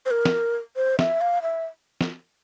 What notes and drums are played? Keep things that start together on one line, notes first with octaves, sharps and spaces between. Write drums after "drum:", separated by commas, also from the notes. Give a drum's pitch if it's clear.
C5
A#4
drum: snare
C5
E5, drum: snare
F5
E5
drum: snare